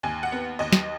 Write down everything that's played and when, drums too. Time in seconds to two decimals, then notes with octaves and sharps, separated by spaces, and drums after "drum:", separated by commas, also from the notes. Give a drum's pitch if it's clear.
0.03 D#2 G#5
0.23 F#5
0.32 B3
0.59 D#2 D#5
0.73 drum: snare